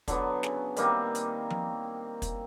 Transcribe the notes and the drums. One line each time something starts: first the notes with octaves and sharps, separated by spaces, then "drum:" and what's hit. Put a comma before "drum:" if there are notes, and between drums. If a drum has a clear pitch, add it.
D3 F#3 B3, drum: kick, hi-hat
C#3, drum: snare
D#3 G3 A#3 C4, drum: hi-hat
drum: hi-hat
drum: tom F3
drum: kick, hi-hat